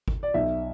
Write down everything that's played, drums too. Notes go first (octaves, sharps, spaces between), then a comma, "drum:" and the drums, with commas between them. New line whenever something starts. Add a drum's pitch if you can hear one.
drum: kick G#1
D5
B1 E5